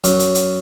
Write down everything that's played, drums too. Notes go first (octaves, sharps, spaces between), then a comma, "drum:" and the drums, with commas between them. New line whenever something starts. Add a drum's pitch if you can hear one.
F#2, drum: hi-hat
drum: hi-hat
drum: hi-hat